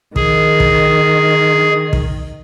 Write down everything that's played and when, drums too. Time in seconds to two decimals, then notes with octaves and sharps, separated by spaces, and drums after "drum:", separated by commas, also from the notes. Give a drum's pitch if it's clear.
0.16 D#3 G#4, drum: kick
0.60 drum: kick
1.93 drum: kick